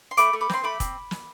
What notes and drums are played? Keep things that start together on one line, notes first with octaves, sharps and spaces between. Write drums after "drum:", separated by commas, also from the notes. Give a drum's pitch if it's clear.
C6
A3 B5 D6, drum: hi-hat
A3
B5 D6
C4 C6, drum: snare
A3 B5 D6
C4, drum: kick, hi-hat
drum: snare